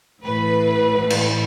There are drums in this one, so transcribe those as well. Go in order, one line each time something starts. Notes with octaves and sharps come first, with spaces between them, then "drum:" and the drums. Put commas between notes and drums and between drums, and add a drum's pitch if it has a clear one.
A1 A2 E3 B4
drum: cymbal